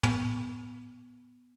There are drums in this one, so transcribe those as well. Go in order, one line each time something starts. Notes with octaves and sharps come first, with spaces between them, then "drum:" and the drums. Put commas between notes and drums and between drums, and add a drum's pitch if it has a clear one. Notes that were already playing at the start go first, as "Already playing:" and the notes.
B3, drum: tom